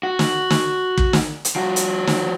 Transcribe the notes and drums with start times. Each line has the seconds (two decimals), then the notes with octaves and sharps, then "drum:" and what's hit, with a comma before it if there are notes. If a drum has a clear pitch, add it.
0.03 F#4
0.19 drum: snare
0.50 drum: snare
0.98 drum: kick
1.13 drum: snare
1.45 drum: hi-hat
1.56 F3 F#4
1.76 drum: hi-hat
2.07 drum: snare